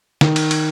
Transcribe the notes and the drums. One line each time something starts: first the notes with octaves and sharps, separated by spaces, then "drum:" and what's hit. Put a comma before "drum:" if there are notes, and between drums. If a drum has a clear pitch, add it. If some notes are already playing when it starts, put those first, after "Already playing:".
D#3, drum: snare
drum: cymbal
drum: cymbal